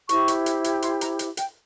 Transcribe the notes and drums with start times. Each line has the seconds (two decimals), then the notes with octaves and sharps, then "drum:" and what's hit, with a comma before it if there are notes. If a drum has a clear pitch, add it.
0.09 E4 G4 C5 C#6, drum: hi-hat
0.28 drum: hi-hat
0.46 drum: hi-hat
0.64 drum: hi-hat
0.82 C6, drum: hi-hat
1.01 A#5, drum: hi-hat
1.19 drum: hi-hat
1.37 G5, drum: hi-hat